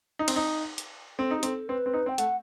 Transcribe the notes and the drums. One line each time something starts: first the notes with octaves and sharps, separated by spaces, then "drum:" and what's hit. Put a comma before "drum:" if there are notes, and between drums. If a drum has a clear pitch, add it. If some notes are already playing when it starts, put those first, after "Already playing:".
D#4
C4, drum: cymbal
D#4
drum: hi-hat
C4 A4
D#4
G4
C4 A4, drum: hi-hat
C4 B4
C4
D#4
C4 G5
A3 F#5, drum: hi-hat